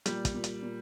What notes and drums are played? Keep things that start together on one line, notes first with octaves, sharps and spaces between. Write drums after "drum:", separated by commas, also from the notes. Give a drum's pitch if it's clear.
A#2 G3, drum: hi-hat
drum: kick, hi-hat
A#2
drum: hi-hat
A#2